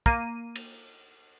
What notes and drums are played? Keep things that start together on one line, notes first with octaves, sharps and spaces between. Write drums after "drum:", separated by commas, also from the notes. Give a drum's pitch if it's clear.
A#3 D#7, drum: kick
drum: cymbal